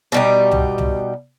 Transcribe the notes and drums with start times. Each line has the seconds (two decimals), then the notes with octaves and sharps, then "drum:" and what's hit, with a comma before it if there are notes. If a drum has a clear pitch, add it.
0.12 B2 G3 D#4
0.51 drum: tom C2
0.78 drum: tom C2